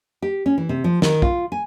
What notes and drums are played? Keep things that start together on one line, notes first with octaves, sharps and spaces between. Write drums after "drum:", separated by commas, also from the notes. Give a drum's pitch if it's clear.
G4
C#4
E3
C3
F3
D#3, drum: snare
F4, drum: kick
G#5